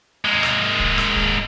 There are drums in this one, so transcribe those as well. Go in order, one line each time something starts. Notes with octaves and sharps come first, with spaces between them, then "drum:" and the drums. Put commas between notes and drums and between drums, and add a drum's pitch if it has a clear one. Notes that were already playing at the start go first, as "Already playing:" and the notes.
G#3 A#3
drum: rim click
drum: kick
drum: rim click
drum: kick